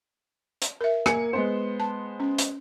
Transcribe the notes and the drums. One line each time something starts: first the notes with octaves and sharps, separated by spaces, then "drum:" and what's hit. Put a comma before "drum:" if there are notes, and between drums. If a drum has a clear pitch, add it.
drum: hi-hat
A#4 E5
A#3 G#5 C#7, drum: rim click
G#3 B3 C5
A5
C#4
drum: hi-hat